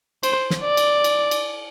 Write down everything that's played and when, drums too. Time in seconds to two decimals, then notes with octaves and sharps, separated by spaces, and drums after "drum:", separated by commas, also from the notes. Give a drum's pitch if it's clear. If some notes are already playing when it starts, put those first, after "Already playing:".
0.23 C5, drum: cymbal
0.50 drum: snare
0.64 D5
0.77 drum: cymbal
1.04 drum: cymbal
1.31 drum: cymbal